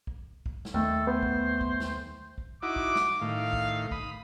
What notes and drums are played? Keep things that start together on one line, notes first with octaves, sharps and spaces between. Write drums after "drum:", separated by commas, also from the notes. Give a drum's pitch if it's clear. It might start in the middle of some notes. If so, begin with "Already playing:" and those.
drum: kick B1
drum: kick B1
drum: snare
D#2 A3 A4 G5
B3 C5
drum: kick B1
drum: kick B1
drum: snare
drum: kick B1
D#4 E4 F#4 D6
drum: kick B1
drum: snare
A2 D#3 F5
drum: kick B1
B5 D#6, drum: kick B1